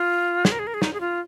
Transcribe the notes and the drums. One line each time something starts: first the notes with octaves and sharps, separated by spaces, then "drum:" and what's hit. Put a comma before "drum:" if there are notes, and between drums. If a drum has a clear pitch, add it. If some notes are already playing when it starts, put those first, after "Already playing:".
Already playing: F4
G#4, drum: snare
A#4
G#4
A#4
G#4
D#4, drum: snare
G#4
F4